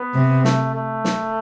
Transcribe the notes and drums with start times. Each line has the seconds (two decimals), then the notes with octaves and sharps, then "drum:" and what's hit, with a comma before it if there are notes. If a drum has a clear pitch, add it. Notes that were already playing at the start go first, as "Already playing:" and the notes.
Already playing: B3
0.14 C3
0.45 A3, drum: snare
0.74 A3
1.05 drum: snare